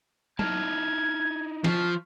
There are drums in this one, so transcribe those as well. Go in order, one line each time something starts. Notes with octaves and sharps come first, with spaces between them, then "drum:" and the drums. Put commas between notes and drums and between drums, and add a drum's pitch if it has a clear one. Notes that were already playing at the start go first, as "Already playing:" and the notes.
D#4 E4 A5 F6 G#6, drum: tom F#3
F3 C#6 F6 B6, drum: snare